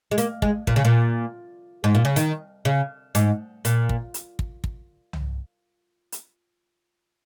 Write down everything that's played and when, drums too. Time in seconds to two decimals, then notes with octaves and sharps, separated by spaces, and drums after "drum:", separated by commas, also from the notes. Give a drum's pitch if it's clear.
0.11 G#3
0.18 A#3, drum: hi-hat
0.42 G#3, drum: kick
0.67 A#2, drum: kick
0.76 C#3
0.85 A#2
1.84 G#2
1.95 A#2
2.05 C#3
2.16 D#3, drum: hi-hat
2.65 C#3
3.15 G#2, drum: hi-hat
3.65 A#2, drum: hi-hat
3.89 drum: kick
4.14 drum: hi-hat
4.39 drum: kick
4.64 drum: kick
5.13 drum: tom
6.12 drum: hi-hat